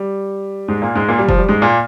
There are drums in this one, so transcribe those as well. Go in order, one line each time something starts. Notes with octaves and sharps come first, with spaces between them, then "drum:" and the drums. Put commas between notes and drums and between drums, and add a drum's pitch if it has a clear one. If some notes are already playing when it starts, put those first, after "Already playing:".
Already playing: G3
G#2 G#3
A#2 A#3
G#2 G#3
A#2 A#3
G3
F3, drum: kick F1
G3
G#2 G#3
A#2 A#3